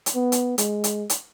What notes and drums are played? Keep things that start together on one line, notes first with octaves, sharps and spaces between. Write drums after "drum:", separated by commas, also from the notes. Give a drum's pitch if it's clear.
drum: hi-hat
B3
drum: hi-hat
G#3, drum: hi-hat
drum: hi-hat
drum: hi-hat